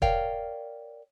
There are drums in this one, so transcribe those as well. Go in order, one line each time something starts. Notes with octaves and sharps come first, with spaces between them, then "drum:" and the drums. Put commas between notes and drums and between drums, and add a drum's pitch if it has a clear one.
A#4 C#5 D5 F5 G5, drum: kick